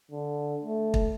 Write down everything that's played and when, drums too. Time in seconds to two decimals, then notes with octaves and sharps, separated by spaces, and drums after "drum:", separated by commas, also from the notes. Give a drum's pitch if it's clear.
0.11 D3
0.64 A3
0.94 drum: kick